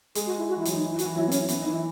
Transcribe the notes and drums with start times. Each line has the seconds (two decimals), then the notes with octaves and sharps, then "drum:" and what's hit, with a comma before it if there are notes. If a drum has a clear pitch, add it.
0.15 G#3 G#4, drum: hi-hat
0.27 F#4
0.38 E4
0.49 F#4
0.57 E3
0.60 E4
0.65 F#3, drum: hi-hat
0.71 E3 D#4
0.90 E4
0.99 F#4, drum: hi-hat
1.04 E3
1.15 F#3 E4
1.27 B3
1.31 C#4, drum: hi-hat
1.48 E3 B3, drum: hi-hat
1.59 D#4
1.65 E3
1.71 E4